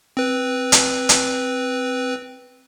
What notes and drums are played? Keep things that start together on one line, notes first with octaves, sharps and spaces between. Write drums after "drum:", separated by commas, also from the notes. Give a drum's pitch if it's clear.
C4 B4
drum: hi-hat
drum: hi-hat